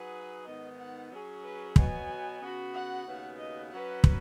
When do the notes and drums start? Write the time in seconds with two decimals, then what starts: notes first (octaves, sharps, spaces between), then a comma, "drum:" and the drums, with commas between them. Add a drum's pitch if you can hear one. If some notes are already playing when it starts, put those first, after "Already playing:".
Already playing: F#3 D#4 G#4 B4 F#5
0.46 G#2 D#3 B3 D#5
0.78 F#5
1.11 F#3 C#4 G#4
1.44 B4
1.76 B2 F#3 B3 F#4 B4 G#5, drum: kick
2.41 C#3 B3 F#4 B4
2.74 F#5
3.06 D#2 C#3 B3 F#4 B4
3.38 D#5
3.71 F#3 C#4 B4 F#5
4.04 drum: kick